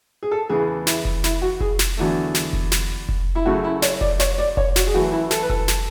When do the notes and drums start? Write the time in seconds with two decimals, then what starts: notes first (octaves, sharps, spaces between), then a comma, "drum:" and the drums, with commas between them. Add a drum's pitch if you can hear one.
0.23 G#4
0.31 A4
0.49 E2 C#3 E3 G#4
0.87 E4, drum: snare
1.05 drum: kick F1
1.24 E4, drum: snare
1.42 F#4
1.60 G#4, drum: kick F1
1.79 drum: snare
1.97 E2 D3 F#3 A3
2.35 drum: snare
2.53 drum: kick F1
2.72 drum: snare
3.09 drum: kick F1
3.35 E4
3.46 F#2 C#3 F#3 A3 F#4
3.64 E4
3.82 C#5, drum: snare
4.01 D5, drum: kick F1
4.20 C#5, drum: snare
4.38 D5
4.57 C#5, drum: kick F1
4.76 F#4, drum: snare
4.87 G#4
4.94 F#2 E3 A3 F#4
5.12 E4
5.31 A4, drum: snare
5.43 B4
5.49 A4, drum: kick F1
5.68 drum: snare